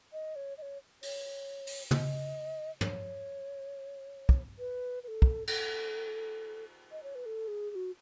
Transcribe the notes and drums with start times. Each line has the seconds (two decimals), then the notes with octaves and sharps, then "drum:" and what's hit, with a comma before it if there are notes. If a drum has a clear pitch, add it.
0.13 D#5
0.36 C#5
0.58 D#5
0.62 C#5
1.03 C#5, drum: open hi-hat
1.67 drum: open hi-hat
1.91 D#5, drum: tom
2.81 C#5, drum: tom
4.29 drum: kick
4.59 B4
5.03 B4
5.08 A4
5.22 drum: kick
5.47 A4, drum: cymbal
6.92 D#5
7.03 C#5
7.15 B4
7.26 A4
7.48 G#4
7.71 G#4
7.75 F#4